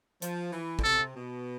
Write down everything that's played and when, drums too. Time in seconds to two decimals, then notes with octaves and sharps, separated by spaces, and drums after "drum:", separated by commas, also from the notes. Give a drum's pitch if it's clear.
0.22 F3, drum: hi-hat
0.53 E3
0.79 D3, drum: kick
0.84 C3 A4
1.16 B2